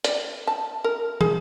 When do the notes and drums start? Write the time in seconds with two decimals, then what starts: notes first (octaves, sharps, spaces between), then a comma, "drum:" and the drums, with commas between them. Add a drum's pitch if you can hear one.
0.04 D5, drum: hi-hat
0.47 A5
0.84 A#4
1.21 G#4, drum: tom